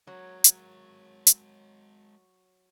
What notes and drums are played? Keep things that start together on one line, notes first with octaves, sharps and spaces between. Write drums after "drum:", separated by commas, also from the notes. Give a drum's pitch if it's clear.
F#3 G#3 A#4 C#5
drum: hi-hat
drum: hi-hat